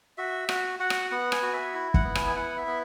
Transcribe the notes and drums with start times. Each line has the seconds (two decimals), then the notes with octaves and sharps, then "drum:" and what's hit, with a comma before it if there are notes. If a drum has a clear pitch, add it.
0.18 F#4 E5
0.49 F#4, drum: rim click
0.79 F#4 F#5
0.90 drum: rim click
1.11 B3 F#5
1.32 G#5, drum: rim click
1.42 F#4
1.53 E5
1.74 E4
1.94 F#5, drum: kick
2.04 B3
2.15 G#5, drum: rim click
2.27 G#5
2.36 E4 F#5
2.57 E5
2.67 B3